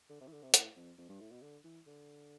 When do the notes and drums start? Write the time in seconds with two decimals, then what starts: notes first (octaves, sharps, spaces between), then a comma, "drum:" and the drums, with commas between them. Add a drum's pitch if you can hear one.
0.10 D3
0.21 C3
0.27 E3
0.32 D3
0.43 C3
0.54 A2, drum: hi-hat
0.76 F2
0.98 F2
1.09 G2
1.20 A2
1.31 B2
1.42 D3
1.64 E3
1.86 D3